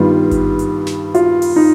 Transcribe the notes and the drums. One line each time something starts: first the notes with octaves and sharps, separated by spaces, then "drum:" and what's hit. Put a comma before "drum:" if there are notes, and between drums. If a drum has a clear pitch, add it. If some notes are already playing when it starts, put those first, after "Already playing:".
Already playing: G2 D#3 G3 B3 F4
drum: kick G#1, hi-hat
drum: hi-hat
drum: snare
F4, drum: hi-hat
drum: open hi-hat
D#4